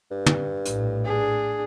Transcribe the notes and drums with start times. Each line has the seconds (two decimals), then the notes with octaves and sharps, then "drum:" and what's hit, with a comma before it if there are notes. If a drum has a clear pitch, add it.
0.11 G2
0.26 drum: tom
0.66 A#1 A2, drum: hi-hat
1.05 D4 G#4